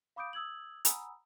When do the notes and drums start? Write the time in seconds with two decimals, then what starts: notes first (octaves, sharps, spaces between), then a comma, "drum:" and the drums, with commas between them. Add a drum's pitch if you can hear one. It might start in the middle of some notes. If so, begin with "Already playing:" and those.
0.16 F5 B5 D6 D#6 G6 D7
0.33 D#6 E6 G#6 F#7
0.85 F#5 G#5 A#5 B5 D#6 E6, drum: hi-hat